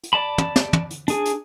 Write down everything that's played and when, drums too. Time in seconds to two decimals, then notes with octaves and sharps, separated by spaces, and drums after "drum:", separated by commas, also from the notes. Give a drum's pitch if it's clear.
0.03 drum: hi-hat
0.13 D5 A5 B5
0.38 drum: tom
0.56 drum: snare
0.73 drum: tom
0.91 drum: hi-hat
1.08 D4 G#4, drum: hi-hat
1.25 drum: hi-hat